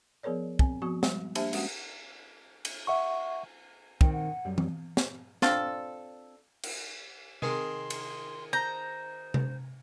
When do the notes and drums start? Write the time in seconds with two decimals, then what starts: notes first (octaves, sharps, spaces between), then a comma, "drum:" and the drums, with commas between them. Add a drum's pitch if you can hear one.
0.23 F3 B3 G#4 A#4 C#5 D5
0.59 C4 G#5, drum: kick
0.82 F3 B3 F#4 C#6
1.03 G3 G#3, drum: snare
1.35 A#3 D4 G4 C5 E5 A5, drum: cymbal
1.53 G#3 C#4 F#4 F#5, drum: cymbal
2.65 drum: cymbal
2.87 E5 F#5 C#6
4.01 D#3 C4 G5, drum: kick
4.13 F#5
4.45 F#2 G3
4.58 drum: tom E3
4.97 drum: snare
5.42 C4 D4 F4 A4, drum: snare
6.63 drum: cymbal
7.42 C3 D#3 G#4 A#4 C6
7.90 drum: cymbal
8.53 C5 A#5 G6
9.34 drum: tom C3